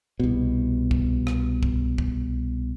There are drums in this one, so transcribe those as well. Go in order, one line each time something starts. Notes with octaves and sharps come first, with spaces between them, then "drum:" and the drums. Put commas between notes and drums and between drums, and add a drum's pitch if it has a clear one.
C2 B2
drum: kick
drum: rim click
drum: kick
drum: kick